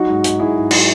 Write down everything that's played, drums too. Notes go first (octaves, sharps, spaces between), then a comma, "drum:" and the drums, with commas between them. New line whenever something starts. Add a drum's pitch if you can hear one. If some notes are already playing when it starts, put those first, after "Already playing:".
Already playing: F#3 D#4 F#4
G#2
G#2, drum: hi-hat
F#3 E4 G#4
G#2
F#3, drum: cymbal